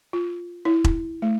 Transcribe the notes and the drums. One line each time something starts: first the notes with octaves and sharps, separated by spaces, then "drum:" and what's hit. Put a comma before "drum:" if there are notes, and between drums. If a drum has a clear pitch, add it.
F4
E4
drum: kick E1
A3